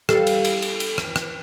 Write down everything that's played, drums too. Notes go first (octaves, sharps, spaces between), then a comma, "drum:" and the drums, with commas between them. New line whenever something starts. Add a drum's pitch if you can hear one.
G3 A4 F5, drum: rim click
drum: cymbal
drum: cymbal
drum: cymbal
drum: cymbal
drum: rim click
drum: rim click